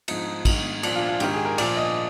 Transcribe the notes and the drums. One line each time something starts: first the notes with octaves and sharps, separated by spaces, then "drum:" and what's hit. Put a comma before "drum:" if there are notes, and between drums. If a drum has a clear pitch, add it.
G#2 F3 D#4, drum: cymbal
G#2 D#3, drum: kick, cymbal
A#2 F3 D4, drum: cymbal
F4
F4
G#2 D#3 G4, drum: cymbal
G#4
A#4
A#2 F3 D5, drum: cymbal
D#5